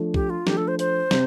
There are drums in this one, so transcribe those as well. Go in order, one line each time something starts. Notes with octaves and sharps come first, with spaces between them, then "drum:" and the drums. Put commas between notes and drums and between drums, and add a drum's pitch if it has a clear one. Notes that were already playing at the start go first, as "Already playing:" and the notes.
Already playing: F3 A3 D4 A4
G4, drum: kick
F4
F3 A3 D4 G4, drum: snare
A4
C5
C5, drum: hi-hat
C3, drum: snare